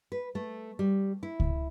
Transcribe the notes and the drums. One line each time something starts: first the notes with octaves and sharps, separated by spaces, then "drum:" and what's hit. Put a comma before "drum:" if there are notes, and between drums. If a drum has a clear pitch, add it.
B4
A3
G3
E4
drum: kick C#2